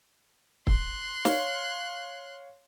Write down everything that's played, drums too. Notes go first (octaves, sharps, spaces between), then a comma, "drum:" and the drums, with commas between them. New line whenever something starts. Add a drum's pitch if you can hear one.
C6 F#6, drum: kick
C#5 F5, drum: snare